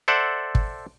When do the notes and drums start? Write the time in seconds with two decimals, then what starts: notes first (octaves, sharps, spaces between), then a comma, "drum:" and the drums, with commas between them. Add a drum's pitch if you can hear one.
0.08 A4 C5 D5 E5 F#5
0.55 drum: kick